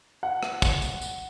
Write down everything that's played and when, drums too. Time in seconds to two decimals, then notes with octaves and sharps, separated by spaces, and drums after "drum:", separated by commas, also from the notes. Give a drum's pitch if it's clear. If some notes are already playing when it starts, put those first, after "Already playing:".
0.23 F#5
0.43 drum: rim click
0.62 drum: kick, tambourine
0.82 drum: tambourine
1.02 drum: tambourine